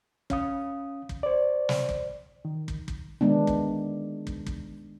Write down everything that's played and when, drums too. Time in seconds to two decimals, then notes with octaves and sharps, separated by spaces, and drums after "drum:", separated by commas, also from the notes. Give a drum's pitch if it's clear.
0.30 C#4 F5 D#6, drum: kick
1.09 drum: kick
1.23 C5 D5
1.69 drum: snare
1.89 drum: kick
2.45 D#3
2.68 drum: kick
2.88 drum: kick
3.21 D#3 G#3 B3 D4
3.47 drum: kick
4.27 drum: kick
4.46 drum: kick